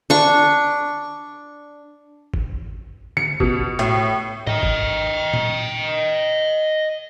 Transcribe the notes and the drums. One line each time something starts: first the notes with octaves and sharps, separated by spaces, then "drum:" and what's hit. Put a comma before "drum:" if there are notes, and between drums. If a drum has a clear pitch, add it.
D4 C#6
drum: kick
C#7, drum: tom D3
B2, drum: kick
A2, drum: hi-hat
D#5 G5, drum: tom G#2
drum: kick
drum: tom A#2